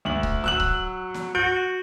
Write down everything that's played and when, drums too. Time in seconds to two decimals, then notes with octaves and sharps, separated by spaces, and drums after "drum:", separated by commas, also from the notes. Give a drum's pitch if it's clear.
0.05 D2 F#7
0.23 drum: kick C#1
0.44 F#3 E6 F#6 F#7
0.60 drum: kick C#1
1.14 drum: snare
1.35 F#4 G6 D7